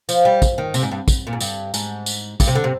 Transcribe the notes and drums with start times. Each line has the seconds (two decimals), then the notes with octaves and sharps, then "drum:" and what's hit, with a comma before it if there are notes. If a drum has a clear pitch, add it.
0.09 F3, drum: tambourine
0.25 G3
0.42 drum: kick, tambourine
0.58 D#3
0.74 C3, drum: tambourine
0.83 G#2
0.92 G2
1.08 drum: kick, tambourine
1.27 A#2
1.33 G#2
1.41 G2, drum: tambourine
1.74 G#2, drum: tambourine
2.06 drum: tambourine
2.40 G2, drum: kick, tambourine
2.47 C3
2.55 D3
2.64 C3